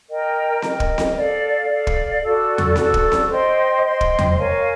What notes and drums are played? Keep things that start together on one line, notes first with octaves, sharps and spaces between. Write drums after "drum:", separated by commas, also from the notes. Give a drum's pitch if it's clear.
A#4 D#5 G5
A#4 D#5 G5, drum: snare C4
drum: kick
drum: snare C4
A4 D5 F5
A4 D5 F5
drum: kick
F#4 A4 D5
drum: tom E2
F#4 A4 D5, drum: snare C4
drum: kick
drum: snare C4
C5 D#5 G5 C6
C5 D#5 G5 C6
drum: kick
drum: tom E2
A#4 C#5 F5 G#5